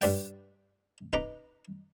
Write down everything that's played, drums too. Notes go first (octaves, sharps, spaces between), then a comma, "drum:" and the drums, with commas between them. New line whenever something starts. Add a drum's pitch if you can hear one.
G2 B4 D5 G5, drum: open hi-hat
D#4 B4 A#5 D6, drum: kick